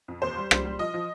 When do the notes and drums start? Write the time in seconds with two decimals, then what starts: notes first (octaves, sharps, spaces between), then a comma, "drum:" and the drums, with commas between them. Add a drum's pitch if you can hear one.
0.08 F2
0.22 D#2 C5
0.37 G3
0.51 G3, drum: rim click
0.65 G3
0.79 F3 D#5
0.94 F3